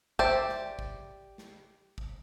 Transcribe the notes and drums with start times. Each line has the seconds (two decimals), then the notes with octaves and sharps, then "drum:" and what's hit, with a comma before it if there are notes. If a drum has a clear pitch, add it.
0.19 G4 C5 D5 E5, drum: kick
0.49 drum: snare
0.79 drum: kick
1.38 drum: snare
1.98 drum: kick